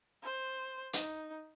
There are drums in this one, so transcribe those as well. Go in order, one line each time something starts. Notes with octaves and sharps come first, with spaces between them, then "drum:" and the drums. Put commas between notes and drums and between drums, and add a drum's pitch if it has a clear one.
C5
D#4, drum: hi-hat